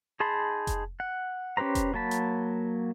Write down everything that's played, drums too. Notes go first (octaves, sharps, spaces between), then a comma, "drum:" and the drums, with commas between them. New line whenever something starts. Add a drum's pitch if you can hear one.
D#4 G#4 A5 B5 C6
drum: kick F1, hi-hat
F#5
C#4 G4 B4 C5 A#5
drum: kick F1, hi-hat
F#3 A#3 A5 B5
drum: hi-hat